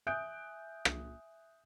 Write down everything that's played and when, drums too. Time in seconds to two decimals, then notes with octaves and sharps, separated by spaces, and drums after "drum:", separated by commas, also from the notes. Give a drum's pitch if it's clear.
0.07 E5 G#5 D#6 F#6 G6 D7
0.85 drum: rim click